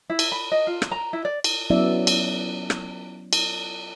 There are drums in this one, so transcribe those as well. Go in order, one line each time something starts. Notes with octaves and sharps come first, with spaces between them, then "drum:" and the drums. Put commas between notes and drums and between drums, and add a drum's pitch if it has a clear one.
E4
drum: cymbal
B5
D#5
F4
drum: rim click
A#5
E4
D5
drum: cymbal
F#3 B3 C#4 E4 D5 E5
drum: cymbal
drum: rim click
drum: cymbal